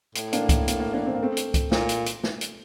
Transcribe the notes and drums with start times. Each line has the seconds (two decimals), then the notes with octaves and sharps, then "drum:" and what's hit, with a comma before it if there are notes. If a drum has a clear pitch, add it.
0.15 A2, drum: hi-hat
0.33 A#3 D4, drum: hi-hat
0.49 A#3, drum: kick C2, hi-hat
0.68 A#3, drum: hi-hat
0.80 A#3
0.93 A#3 D4
1.06 C4
1.14 A#3
1.22 A3 C4
1.37 drum: hi-hat
1.54 drum: kick C2, hi-hat
1.72 A#2, drum: snare
1.89 drum: hi-hat
2.06 drum: hi-hat
2.24 drum: snare
2.41 drum: hi-hat